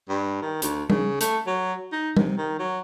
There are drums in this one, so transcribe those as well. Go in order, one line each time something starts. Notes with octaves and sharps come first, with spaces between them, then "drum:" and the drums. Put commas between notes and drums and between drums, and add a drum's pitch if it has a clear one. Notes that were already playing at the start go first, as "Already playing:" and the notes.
G2
D#3
D2, drum: hi-hat
C#3, drum: tom G3
A3, drum: hi-hat
F#3
D#4
C3, drum: tom G3
D#3
F#3